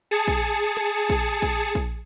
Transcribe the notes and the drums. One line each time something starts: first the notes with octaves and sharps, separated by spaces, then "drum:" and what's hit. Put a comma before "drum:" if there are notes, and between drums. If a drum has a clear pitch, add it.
G#4 A5 C#7
drum: kick A#1
drum: rim click
drum: kick A#1
drum: kick A#1
drum: kick A#1